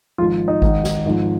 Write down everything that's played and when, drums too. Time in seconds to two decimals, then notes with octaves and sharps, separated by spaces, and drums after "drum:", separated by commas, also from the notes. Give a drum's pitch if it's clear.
0.18 G#1 G#2 F3 F4
0.48 D#4
0.62 G#1 G#2 D#3, drum: kick G#1
0.84 drum: snare
1.05 G#1 G#2 F3